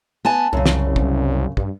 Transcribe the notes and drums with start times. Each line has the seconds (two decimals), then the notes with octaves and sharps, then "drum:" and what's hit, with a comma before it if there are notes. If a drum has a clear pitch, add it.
0.25 B3 G#5 A5
0.53 C2 F#2 C#3
0.66 drum: snare
0.96 drum: kick
1.57 G2, drum: kick